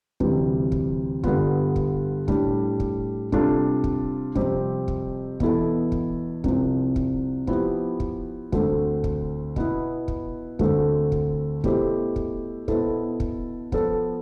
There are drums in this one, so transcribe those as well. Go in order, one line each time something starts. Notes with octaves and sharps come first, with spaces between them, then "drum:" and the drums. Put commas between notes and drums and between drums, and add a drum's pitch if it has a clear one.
D2 C3 E3 G3, drum: kick
drum: kick
G2 D3 G3 B3 F4, drum: kick
drum: kick
A2 G3 D4, drum: kick
drum: kick
C3 G3 D4 F4 A4, drum: kick
drum: kick
F2 C3 G3 C4 G4, drum: kick
drum: kick
E2 B2 B3 E4 A4, drum: kick
drum: kick
C2 C3 F3, drum: kick
drum: kick
F3 B3 E4 G4, drum: kick
drum: kick
D2 D3 A3 C4, drum: kick
drum: kick
B2 B3 E4, drum: kick
drum: kick
D2 D3 A3 C4, drum: kick
drum: kick
B2 A3 E4 G4 C5, drum: kick
drum: kick
B2 B3 E4 A4 C5, drum: kick
drum: kick
F3 B3 F4 A4, drum: kick